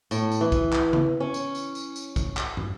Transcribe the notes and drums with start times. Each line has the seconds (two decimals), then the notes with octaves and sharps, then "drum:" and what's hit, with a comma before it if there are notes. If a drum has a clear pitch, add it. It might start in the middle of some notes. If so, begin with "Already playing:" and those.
0.11 A2, drum: tambourine
0.32 drum: tambourine
0.41 E3
0.52 drum: kick A#1, tambourine
0.73 drum: clap
0.93 drum: tom C#3
1.20 C#4
1.34 drum: tambourine
1.55 drum: tambourine
1.75 drum: tambourine
1.96 drum: tambourine
2.16 drum: kick A#1, tambourine
2.37 drum: clap
2.57 drum: tom